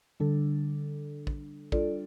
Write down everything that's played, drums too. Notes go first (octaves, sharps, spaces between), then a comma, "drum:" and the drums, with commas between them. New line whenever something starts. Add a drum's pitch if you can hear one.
D3 G3 D4 A4
drum: kick
G3 D4 F4 A4 D5, drum: kick